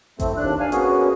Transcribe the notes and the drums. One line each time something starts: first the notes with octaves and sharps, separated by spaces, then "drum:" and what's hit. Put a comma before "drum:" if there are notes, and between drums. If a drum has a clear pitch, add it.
A2 A3 C4, drum: kick G#1, hi-hat
D#2 D4 F#6
D4 F5 G#5
A#3 B3 C#4 F#4 G#4, drum: hi-hat